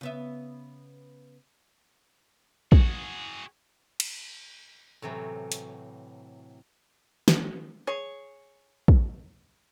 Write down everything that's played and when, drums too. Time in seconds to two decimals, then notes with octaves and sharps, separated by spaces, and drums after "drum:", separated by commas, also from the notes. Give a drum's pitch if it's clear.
0.01 C#3 B3 E5
2.72 F#4 G#4, drum: kick
4.00 drum: cymbal
5.02 A2 C3 E3 F#3
5.52 drum: hi-hat
7.28 drum: snare
7.87 G#4 C#5
8.88 drum: kick